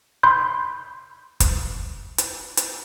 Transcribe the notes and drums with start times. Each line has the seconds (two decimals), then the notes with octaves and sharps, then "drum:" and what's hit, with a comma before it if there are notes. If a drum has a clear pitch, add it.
0.23 B5 C6 G6
1.40 drum: kick, hi-hat
2.18 drum: hi-hat
2.57 drum: hi-hat